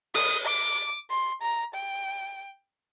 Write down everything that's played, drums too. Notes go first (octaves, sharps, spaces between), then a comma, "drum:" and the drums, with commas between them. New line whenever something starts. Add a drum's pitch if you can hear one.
D#6, drum: open hi-hat
D6
C6
A#5
G5